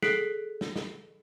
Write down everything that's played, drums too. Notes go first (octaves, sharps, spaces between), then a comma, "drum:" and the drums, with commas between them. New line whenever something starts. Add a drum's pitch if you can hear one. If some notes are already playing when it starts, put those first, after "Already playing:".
G#4 A4 F#6 B6 C7 D7, drum: snare
drum: snare
drum: snare